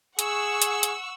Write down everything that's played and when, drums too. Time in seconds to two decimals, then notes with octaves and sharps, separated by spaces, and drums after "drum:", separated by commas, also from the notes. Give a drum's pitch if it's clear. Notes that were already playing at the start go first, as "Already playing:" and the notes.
0.19 G#4 F#5 C#6 E6, drum: hi-hat
0.62 drum: hi-hat
0.83 drum: hi-hat